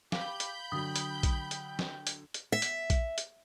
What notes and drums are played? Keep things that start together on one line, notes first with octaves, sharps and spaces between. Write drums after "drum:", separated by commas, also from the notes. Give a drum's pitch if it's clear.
G4 F5 B5 G6, drum: snare
drum: hi-hat
D3 F#3 G5 D#6
drum: hi-hat
drum: kick A#1, hi-hat
drum: hi-hat
drum: snare
drum: hi-hat
drum: hi-hat
E5
drum: hi-hat
drum: kick A#1, hi-hat
drum: hi-hat